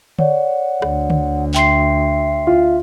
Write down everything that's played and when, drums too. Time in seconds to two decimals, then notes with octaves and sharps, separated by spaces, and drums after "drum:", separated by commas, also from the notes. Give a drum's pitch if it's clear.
0.19 C#5 D5 F#5, drum: tom D3
0.82 D2, drum: rim click
1.10 drum: tom D3
1.54 E5 G5 C6 C7, drum: clap
2.47 F4